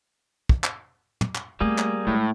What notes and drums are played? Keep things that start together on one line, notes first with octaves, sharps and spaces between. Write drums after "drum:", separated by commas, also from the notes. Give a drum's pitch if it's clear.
drum: kick
drum: clap
drum: tom
drum: clap
G3 A3 A#3 C4 G#4
drum: clap
A2 G#3